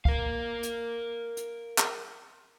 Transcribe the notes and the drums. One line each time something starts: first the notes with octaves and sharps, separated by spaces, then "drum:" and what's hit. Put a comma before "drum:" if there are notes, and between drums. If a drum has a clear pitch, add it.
A#4 F5, drum: kick
drum: hi-hat
drum: hi-hat
drum: clap